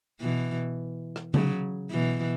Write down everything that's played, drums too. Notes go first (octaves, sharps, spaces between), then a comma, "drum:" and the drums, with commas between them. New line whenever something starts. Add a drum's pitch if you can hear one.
B2 E3
drum: rim click
C#3 F#3, drum: tom C#3
B2 E3